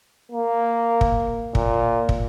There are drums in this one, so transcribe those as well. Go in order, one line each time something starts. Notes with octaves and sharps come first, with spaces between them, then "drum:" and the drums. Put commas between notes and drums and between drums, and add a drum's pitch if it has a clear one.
A#3
drum: kick
A#2, drum: kick
drum: kick